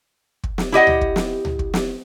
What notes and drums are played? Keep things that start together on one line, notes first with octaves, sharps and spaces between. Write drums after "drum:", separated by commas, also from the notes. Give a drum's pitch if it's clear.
drum: kick
drum: snare
E4 G4 D#5 F#5
drum: tom C#2
drum: kick
drum: snare
drum: tom C#2
drum: kick
drum: snare